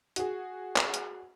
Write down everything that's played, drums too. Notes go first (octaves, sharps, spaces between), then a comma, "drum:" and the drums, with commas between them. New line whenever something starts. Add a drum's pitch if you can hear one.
F#4 G#4, drum: hi-hat
drum: clap
drum: hi-hat